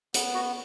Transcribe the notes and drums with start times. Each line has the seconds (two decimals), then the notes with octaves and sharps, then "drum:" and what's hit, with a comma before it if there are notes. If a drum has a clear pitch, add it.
0.14 B3, drum: hi-hat
0.34 F#4